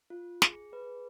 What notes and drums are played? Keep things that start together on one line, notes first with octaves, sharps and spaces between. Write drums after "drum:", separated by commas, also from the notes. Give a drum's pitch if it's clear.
F4
G#4, drum: snare
G#4 B4